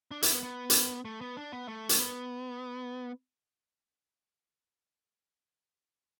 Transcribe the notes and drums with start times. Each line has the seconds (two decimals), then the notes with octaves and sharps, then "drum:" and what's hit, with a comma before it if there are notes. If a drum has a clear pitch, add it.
0.11 D4
0.22 E4, drum: hi-hat
0.32 B3
0.43 B3
0.70 drum: hi-hat
1.05 A3
1.21 B3
1.37 D4
1.52 B3
1.68 A3
1.89 drum: hi-hat
1.99 B3